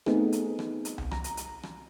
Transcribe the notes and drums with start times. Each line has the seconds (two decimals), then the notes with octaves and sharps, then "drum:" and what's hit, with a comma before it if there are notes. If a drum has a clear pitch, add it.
0.06 A3 B3 C4 D#4 G#4, drum: rim click
0.32 drum: hi-hat
0.59 drum: rim click
0.85 drum: hi-hat
0.98 drum: tom C2
1.11 A#5, drum: rim click
1.24 drum: hi-hat
1.37 drum: hi-hat
1.63 drum: rim click